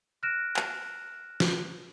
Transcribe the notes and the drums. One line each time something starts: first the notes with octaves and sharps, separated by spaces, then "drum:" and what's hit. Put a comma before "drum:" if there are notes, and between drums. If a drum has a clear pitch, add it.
F6 F#6 A#6 D7 E7
drum: clap
drum: snare